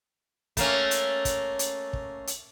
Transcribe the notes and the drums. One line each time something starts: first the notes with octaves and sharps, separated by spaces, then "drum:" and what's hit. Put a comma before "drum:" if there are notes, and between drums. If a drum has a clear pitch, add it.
A3 A#3 C#4, drum: kick, hi-hat
drum: hi-hat
drum: kick, hi-hat
drum: hi-hat
drum: kick
drum: hi-hat